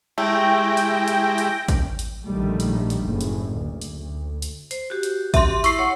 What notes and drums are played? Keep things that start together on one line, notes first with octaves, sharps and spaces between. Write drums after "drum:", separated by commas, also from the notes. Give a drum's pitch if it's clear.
G#3 A3 E4 G4 G5 A#6
drum: hi-hat
drum: hi-hat
drum: hi-hat
drum: kick A1, hi-hat
drum: hi-hat
A#1 A2 D3 D#3 G3 A3
drum: hi-hat
drum: hi-hat
F#1 A2
drum: hi-hat
D2
drum: hi-hat
drum: hi-hat
C5, drum: hi-hat
F#4 G4
drum: hi-hat
E5 C6, drum: kick A1, hi-hat
E4 C#6 C7, drum: hi-hat
C#5 F#5